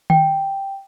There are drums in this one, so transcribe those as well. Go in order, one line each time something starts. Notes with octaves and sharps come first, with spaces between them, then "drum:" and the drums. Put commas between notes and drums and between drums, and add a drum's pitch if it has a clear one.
G5, drum: tom D#3